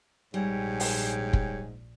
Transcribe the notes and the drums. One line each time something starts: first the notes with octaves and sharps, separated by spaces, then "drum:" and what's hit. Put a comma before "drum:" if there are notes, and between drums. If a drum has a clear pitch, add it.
A#1 G#2 G3 C#5 G5 G#5
drum: open hi-hat
drum: kick